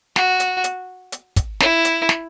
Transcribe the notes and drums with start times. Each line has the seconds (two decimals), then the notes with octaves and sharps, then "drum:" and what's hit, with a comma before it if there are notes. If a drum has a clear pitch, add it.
0.16 F#4, drum: snare
0.40 drum: hi-hat
0.64 drum: hi-hat
1.12 drum: hi-hat
1.36 drum: kick, hi-hat
1.60 E4, drum: snare
1.85 drum: hi-hat
2.09 drum: snare